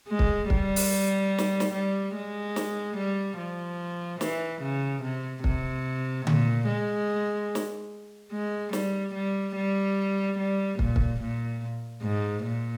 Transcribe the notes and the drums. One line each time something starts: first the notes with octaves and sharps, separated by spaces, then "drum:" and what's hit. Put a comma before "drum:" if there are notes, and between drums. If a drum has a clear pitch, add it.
G#3
drum: kick
G3, drum: kick
drum: open hi-hat
drum: snare
drum: snare
G3
G#3
drum: snare
G3
F3
E3, drum: snare
C#3
C3
C3, drum: kick
A#2, drum: tom D3
G#3
drum: snare
G#3
G3, drum: snare
G3
G3
G3
A#2, drum: kick
drum: kick
A#2
G#2
A#2